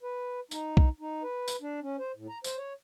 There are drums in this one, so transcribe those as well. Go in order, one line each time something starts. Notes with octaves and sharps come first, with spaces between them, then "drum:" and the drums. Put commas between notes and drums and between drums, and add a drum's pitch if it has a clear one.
B4
D#4, drum: tambourine
drum: kick B1
D#4
B4
drum: tambourine
D4
C#4
C5
A2
A#5
C5, drum: tambourine
C#5